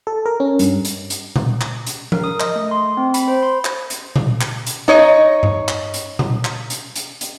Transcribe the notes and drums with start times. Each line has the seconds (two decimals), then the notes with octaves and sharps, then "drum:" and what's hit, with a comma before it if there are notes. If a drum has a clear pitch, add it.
0.07 A4
0.26 A#4
0.40 C#4
0.59 G2, drum: hi-hat
0.85 drum: hi-hat
1.10 drum: hi-hat
1.36 drum: tom A#2
1.61 drum: clap
1.87 drum: hi-hat
2.12 A#4, drum: tom F3
2.24 D#6
2.40 D#5, drum: clap
2.56 A3
2.71 C6
2.97 C4
3.14 B5, drum: hi-hat
3.28 C5
3.43 C6
3.65 drum: clap
3.90 drum: hi-hat
4.16 drum: tom A#2
4.41 drum: clap
4.67 drum: hi-hat
4.88 D#4 C#5 D#5
5.43 drum: tom G2
5.68 drum: clap
5.94 drum: hi-hat
6.19 drum: tom A#2
6.45 drum: clap
6.70 drum: hi-hat
6.96 drum: hi-hat
7.21 drum: hi-hat